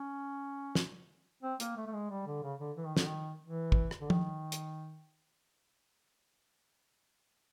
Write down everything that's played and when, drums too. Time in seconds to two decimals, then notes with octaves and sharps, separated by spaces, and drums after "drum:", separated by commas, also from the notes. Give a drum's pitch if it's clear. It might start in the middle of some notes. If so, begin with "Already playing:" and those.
Already playing: C#4
0.75 drum: snare
1.43 C4
1.60 A#3, drum: hi-hat
1.76 A3
1.87 A3
1.93 G#3
2.10 G3
2.27 D3
2.43 C#3
2.60 D3
2.77 E3
2.87 D#3
2.97 D3, drum: snare
3.06 D#3
3.44 E3
3.72 drum: kick
3.91 drum: rim click
4.01 D3
4.10 D#3, drum: tom
4.52 drum: hi-hat